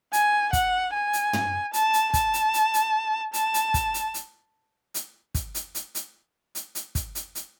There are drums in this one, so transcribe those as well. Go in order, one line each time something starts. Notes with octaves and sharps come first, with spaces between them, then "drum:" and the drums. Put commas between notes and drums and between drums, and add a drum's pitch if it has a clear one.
G#5, drum: hi-hat
F#5, drum: kick, hi-hat
G#5
drum: hi-hat
drum: tom
A5, drum: hi-hat
drum: hi-hat
A5, drum: kick, hi-hat
drum: hi-hat
drum: hi-hat
drum: hi-hat
A5, drum: hi-hat
drum: hi-hat
drum: kick, hi-hat
drum: hi-hat
drum: hi-hat
drum: hi-hat
drum: kick, hi-hat
drum: hi-hat
drum: hi-hat
drum: hi-hat
drum: hi-hat
drum: hi-hat
drum: kick, hi-hat
drum: hi-hat
drum: hi-hat